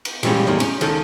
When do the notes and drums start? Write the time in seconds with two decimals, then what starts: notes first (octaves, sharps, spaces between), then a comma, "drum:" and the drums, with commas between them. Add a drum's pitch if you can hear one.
0.05 drum: cymbal
0.23 A#2 E3 G3 G#3 C#4, drum: cymbal
0.47 E2 A2 D#3 G3
0.60 C#4, drum: cymbal
0.81 C#2 D#3 A4, drum: cymbal